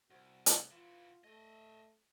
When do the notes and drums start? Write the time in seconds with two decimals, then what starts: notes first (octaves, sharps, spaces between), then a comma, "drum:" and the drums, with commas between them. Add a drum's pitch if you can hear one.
0.10 C2 F#4
0.46 drum: hi-hat
0.71 E3 F4 F#4
1.24 A3 D#5 E5